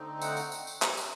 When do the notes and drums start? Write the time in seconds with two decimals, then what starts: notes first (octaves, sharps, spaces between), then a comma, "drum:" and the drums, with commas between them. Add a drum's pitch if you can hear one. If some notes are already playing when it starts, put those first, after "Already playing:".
Already playing: D3 A3 C4 D#4
0.22 F#5, drum: tambourine
0.37 drum: tambourine
0.52 drum: tambourine
0.67 drum: tambourine
0.82 drum: clap
0.97 drum: tambourine